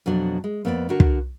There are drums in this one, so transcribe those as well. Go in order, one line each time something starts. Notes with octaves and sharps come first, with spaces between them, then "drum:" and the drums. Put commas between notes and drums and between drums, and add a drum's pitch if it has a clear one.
F2 B2 F#3 D4
G#3
F2 A#3 B3 G4 D5
D3 D4 F#4 A#4
drum: kick